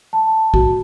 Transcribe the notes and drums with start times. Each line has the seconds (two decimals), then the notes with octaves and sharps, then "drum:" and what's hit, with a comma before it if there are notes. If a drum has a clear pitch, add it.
0.13 A5
0.54 F#4, drum: kick